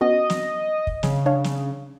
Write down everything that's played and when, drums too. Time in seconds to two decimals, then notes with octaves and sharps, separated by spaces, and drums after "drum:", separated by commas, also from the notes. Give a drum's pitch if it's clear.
0.01 B3 C#4 F#4 D#5
0.30 drum: snare
0.87 drum: kick
1.03 C#3, drum: snare
1.26 D4 C#5 F5
1.44 drum: snare